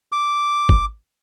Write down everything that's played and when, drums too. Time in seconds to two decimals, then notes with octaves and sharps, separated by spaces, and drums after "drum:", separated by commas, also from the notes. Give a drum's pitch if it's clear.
0.12 D6
0.69 drum: kick